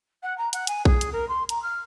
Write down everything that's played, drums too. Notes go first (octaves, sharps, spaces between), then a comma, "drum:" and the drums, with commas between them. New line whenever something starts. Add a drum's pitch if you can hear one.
F#5
A#5
F#5, drum: hi-hat
G#5, drum: hi-hat
G#4, drum: kick A#1
drum: hi-hat
A#4
C6
A#5, drum: hi-hat
F6